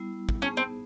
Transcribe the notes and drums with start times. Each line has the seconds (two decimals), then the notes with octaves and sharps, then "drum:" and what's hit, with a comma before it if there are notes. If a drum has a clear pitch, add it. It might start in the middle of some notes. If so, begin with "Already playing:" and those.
Already playing: G3 B3 E4
0.29 drum: kick
0.42 B3 C#4 D#4 G#4 C5
0.57 C4